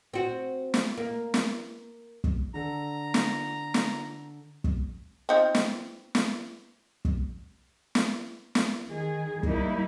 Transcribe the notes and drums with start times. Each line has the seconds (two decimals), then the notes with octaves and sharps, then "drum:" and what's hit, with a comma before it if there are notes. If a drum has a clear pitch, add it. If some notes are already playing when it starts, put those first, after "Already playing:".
0.14 C4 F#4
0.74 drum: snare
0.97 A#3
1.34 drum: snare
2.24 drum: kick
2.54 D3 A4 A#5
3.14 drum: snare
3.74 drum: snare
4.64 drum: kick
5.29 C4 D#4 F4
5.55 drum: snare
6.15 drum: snare
7.05 drum: kick
7.95 drum: snare
8.55 drum: snare
8.88 D#3 G#4
9.43 G3 A#3 D#4 E4, drum: kick